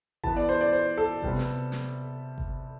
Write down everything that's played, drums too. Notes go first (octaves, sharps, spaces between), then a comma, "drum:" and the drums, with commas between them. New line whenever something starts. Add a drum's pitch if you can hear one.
E3 B3 A5, drum: kick G1
D5
C5
D5
C5
A4
C3 G3 B3, drum: kick G1
drum: snare
drum: snare
drum: kick G1